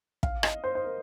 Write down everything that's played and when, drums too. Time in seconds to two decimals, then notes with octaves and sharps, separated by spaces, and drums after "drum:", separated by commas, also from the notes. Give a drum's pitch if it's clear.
0.23 F5, drum: kick
0.43 D#5, drum: rim click
0.64 C5
0.75 C5
0.84 A#4